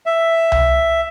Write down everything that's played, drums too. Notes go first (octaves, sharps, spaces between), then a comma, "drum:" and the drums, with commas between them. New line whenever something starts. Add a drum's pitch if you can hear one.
E5
drum: tom C2